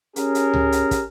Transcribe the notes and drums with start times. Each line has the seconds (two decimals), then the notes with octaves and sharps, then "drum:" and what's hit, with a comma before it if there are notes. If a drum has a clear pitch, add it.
0.16 C#4 G4 G#4 A#4, drum: hi-hat
0.35 drum: hi-hat
0.54 drum: tom C#2
0.72 drum: hi-hat
0.91 drum: kick, hi-hat